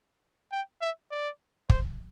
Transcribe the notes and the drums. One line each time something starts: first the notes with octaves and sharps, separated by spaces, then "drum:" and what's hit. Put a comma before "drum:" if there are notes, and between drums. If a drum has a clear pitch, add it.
G5
E5
D5
C5, drum: kick